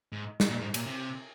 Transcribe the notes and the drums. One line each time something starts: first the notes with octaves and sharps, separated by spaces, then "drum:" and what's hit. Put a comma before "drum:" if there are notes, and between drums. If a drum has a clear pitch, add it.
G#2
drum: snare
A#2
G#2
A#2, drum: cymbal
C3